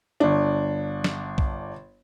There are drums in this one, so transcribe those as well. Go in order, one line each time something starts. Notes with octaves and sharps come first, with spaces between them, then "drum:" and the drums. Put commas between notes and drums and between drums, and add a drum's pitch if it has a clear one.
G1 D4
drum: snare
drum: kick